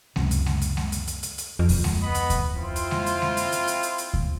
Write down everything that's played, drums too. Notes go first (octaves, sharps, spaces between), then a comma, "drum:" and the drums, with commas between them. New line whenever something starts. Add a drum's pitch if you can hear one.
C#2 F#2 C3, drum: snare G#3
drum: hi-hat
drum: snare G#3
drum: hi-hat
drum: snare G#3
drum: hi-hat
drum: hi-hat
drum: hi-hat
drum: hi-hat
F2
drum: kick D2, open hi-hat
drum: snare G#3
B3 D#5 B5
drum: hi-hat
drum: kick D2, hi-hat
C4 E4 F4
drum: hi-hat
drum: snare G#3
drum: hi-hat
drum: snare G#3
drum: hi-hat
drum: hi-hat
drum: hi-hat
drum: hi-hat
drum: hi-hat
drum: kick D2